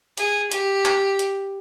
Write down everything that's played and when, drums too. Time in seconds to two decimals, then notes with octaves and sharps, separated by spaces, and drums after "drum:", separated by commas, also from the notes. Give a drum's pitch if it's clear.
0.18 G#4, drum: hi-hat
0.52 G4, drum: hi-hat
0.85 drum: clap
1.19 drum: hi-hat